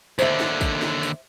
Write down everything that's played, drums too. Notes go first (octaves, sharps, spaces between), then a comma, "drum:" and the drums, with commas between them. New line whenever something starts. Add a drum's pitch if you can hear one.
D#2 D3 C5 E5, drum: tambourine
drum: snare
drum: kick, tambourine
drum: snare
drum: tambourine